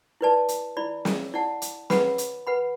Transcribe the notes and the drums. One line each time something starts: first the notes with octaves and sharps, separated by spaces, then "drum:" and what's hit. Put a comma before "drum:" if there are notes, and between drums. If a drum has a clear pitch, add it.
E4 B4 D5 A5
drum: hi-hat
E4 D5 B5
drum: snare
E4 D5 F#5 A5
drum: hi-hat
B4 F#5 B5, drum: snare
drum: hi-hat
B4 F#5 B5